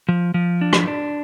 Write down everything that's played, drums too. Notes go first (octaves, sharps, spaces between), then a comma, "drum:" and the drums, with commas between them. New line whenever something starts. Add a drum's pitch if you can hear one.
F3
F3
D4
drum: rim click
D4